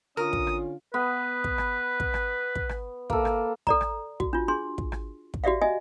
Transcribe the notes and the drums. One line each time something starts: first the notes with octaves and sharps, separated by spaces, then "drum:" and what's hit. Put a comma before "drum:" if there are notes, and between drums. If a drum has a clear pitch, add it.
D3 C#4 F4 A#4 D#6
drum: kick
drum: rim click
B3 B4
drum: kick
drum: rim click
drum: kick
drum: rim click
drum: kick
drum: rim click
A#3 A4, drum: kick
drum: rim click
A4 D5 A#5, drum: kick
drum: rim click
F#4, drum: kick
D4 F4
D4 G#4 C6
drum: kick
drum: rim click
drum: kick
F#4 G4 D5 E5 F5
D#5 E5 G#5